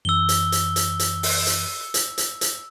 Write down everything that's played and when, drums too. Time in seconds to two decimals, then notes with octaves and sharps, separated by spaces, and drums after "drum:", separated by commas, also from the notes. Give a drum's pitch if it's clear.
0.05 F#2 E3 E6 G7
0.29 drum: hi-hat
0.52 drum: hi-hat
0.76 drum: hi-hat
0.99 drum: hi-hat
1.23 drum: open hi-hat
1.47 drum: hi-hat
1.94 drum: hi-hat
2.18 drum: hi-hat
2.41 drum: hi-hat